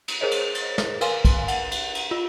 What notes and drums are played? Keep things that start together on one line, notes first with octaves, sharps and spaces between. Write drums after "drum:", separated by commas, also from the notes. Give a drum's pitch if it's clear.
drum: cymbal
G#4 A#4 C5 C#5 D#5
drum: cymbal
drum: cymbal
drum: snare
A#4 B4 F5 G#5 C6, drum: cymbal
drum: kick, cymbal
F#5, drum: cymbal
drum: cymbal
drum: cymbal
F4